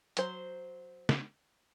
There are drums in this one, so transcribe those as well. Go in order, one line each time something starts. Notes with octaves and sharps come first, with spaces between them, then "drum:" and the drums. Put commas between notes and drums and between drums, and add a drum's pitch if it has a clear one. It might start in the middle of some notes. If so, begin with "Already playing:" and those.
F#3 C5, drum: hi-hat
drum: snare